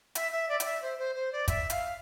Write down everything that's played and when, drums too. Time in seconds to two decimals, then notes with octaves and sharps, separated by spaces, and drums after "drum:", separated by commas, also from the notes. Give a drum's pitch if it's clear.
0.15 E5, drum: hi-hat
0.32 E5
0.48 D5
0.60 D5, drum: hi-hat
0.65 E5
0.81 C5
0.98 C5
1.15 C5
1.32 D5
1.48 E5, drum: kick, hi-hat
1.70 F5, drum: hi-hat